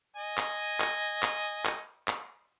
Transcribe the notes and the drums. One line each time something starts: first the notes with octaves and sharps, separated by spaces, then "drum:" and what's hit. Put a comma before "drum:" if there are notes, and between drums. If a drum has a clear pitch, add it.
D#5 G#5
drum: clap
drum: clap
drum: clap
drum: clap
drum: clap